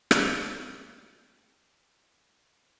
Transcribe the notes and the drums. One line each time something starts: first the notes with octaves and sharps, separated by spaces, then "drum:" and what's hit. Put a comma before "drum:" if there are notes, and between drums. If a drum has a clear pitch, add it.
drum: rim click
C4 D4 G#4